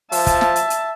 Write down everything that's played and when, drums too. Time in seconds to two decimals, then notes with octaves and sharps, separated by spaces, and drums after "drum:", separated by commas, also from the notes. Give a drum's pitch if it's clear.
0.12 F3 E5 A5, drum: open hi-hat
0.27 drum: kick, hi-hat
0.41 drum: snare
0.56 drum: hi-hat
0.70 drum: hi-hat